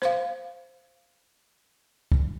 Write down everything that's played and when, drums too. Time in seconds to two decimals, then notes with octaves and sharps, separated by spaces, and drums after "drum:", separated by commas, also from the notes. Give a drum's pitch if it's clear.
0.02 C5 F5, drum: rim click
2.12 drum: kick